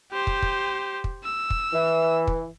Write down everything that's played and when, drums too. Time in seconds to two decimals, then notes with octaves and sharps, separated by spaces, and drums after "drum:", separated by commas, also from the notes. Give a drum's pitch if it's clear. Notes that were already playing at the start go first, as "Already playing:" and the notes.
0.12 G4 C5
0.27 drum: kick
0.42 drum: kick
1.04 drum: kick
1.24 E6
1.50 drum: kick
1.73 E3
2.27 drum: kick